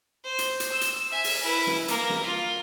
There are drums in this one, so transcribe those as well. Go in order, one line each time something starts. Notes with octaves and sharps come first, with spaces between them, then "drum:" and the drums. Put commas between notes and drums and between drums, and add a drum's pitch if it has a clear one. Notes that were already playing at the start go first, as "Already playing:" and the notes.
C5
drum: hi-hat
drum: hi-hat
E6
drum: hi-hat
E5 G#5
drum: open hi-hat
E4 B4
drum: snare
A#3 A#4, drum: hi-hat
drum: snare
F4